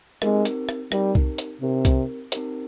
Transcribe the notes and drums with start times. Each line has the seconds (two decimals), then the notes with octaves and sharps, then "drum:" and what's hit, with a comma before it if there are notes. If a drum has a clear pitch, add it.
0.22 G#3 C4 D#4 G4 A#4, drum: rim click
0.45 drum: hi-hat
0.69 drum: rim click
0.92 G3 C4 D#4 G4 A#4, drum: rim click
1.15 drum: kick C2
1.38 drum: hi-hat
1.61 C3 C4 D#4 G4 A#4
1.85 drum: kick C2, hi-hat
2.32 C4 D#4 G4 A#4, drum: hi-hat